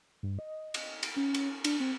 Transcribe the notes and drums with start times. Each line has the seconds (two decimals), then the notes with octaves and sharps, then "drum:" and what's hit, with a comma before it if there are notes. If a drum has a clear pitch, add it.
0.23 G2
0.39 D#5
0.74 drum: cymbal
1.03 D7, drum: cymbal
1.17 C#4
1.34 drum: cymbal
1.64 D4, drum: cymbal
1.80 C4